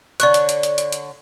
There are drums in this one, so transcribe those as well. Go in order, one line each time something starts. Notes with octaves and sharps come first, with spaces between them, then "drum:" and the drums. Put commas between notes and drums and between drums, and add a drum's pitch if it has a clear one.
D3 C#5 D5 C#6 F#6, drum: hi-hat
drum: hi-hat
drum: hi-hat
drum: hi-hat
drum: hi-hat
drum: hi-hat